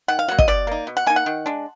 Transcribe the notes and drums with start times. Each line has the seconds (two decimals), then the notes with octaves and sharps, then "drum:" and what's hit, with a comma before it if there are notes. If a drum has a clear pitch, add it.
0.08 D#3 F#5
0.19 F5
0.28 F#3 A#3 F#5
0.39 D#5, drum: kick
0.48 B2 D5
0.67 A#3 D#4
0.87 B2
0.97 F#5
1.06 A#3 D#4 G#5
1.16 F#5
1.26 D#3
1.46 G#3 D4